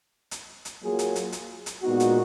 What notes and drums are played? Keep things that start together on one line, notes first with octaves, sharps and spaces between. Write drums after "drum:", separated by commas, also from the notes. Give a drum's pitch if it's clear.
drum: hi-hat
drum: hi-hat
F#3 A#3 F4 G#4
drum: hi-hat
drum: hi-hat
drum: hi-hat
drum: hi-hat
A#2 G#3 B3 D#4 F#4
drum: hi-hat